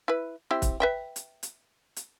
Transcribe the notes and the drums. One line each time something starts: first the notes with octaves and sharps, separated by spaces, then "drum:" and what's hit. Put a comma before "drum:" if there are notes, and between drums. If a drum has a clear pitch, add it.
E4 B4
C4 E4 G4
drum: kick, hi-hat
B4 E5 G5
drum: hi-hat
drum: hi-hat
drum: hi-hat